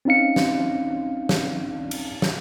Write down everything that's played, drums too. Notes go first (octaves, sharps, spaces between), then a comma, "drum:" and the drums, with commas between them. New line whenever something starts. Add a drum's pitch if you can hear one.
C4 C#4 D#4 F5 C#7
drum: snare
drum: snare
drum: cymbal
drum: snare